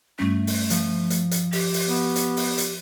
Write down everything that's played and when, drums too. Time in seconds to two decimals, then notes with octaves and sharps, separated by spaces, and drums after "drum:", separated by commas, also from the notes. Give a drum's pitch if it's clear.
0.19 G2 G3 A3 C#4
0.47 drum: open hi-hat
0.70 F3, drum: hi-hat
1.10 drum: hi-hat
1.31 drum: hi-hat
1.52 G4, drum: open hi-hat
1.73 drum: open hi-hat
1.88 B3
2.16 drum: hi-hat
2.37 drum: open hi-hat
2.58 drum: hi-hat